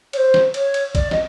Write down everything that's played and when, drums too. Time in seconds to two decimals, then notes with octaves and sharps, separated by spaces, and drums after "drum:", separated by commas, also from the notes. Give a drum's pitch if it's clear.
0.13 C#5, drum: cymbal
0.17 C5
0.34 drum: snare
0.54 C#5, drum: cymbal
0.74 drum: cymbal
0.95 D5, drum: kick A1, cymbal
1.11 D#5, drum: snare